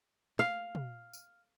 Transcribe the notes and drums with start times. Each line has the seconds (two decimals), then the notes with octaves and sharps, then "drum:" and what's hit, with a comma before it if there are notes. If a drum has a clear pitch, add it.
0.39 F5, drum: snare
0.75 drum: tom
1.13 drum: tambourine